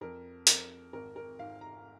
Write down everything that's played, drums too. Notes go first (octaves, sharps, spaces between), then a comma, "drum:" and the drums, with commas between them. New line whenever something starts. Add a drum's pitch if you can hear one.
F2 A#4
F2 A#4, drum: hi-hat
G#1 A#4
A#4
G#2 F5
A#5